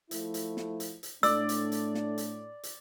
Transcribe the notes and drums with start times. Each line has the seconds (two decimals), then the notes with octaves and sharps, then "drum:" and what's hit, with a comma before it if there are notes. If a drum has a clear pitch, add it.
0.11 F3 A3 E4, drum: hi-hat
0.34 drum: hi-hat
0.57 drum: snare
0.80 drum: hi-hat
1.03 drum: hi-hat
1.23 A2 A3 D4 D5 E6, drum: hi-hat
1.49 drum: hi-hat
1.72 drum: hi-hat
1.95 drum: snare
2.18 drum: hi-hat
2.63 drum: hi-hat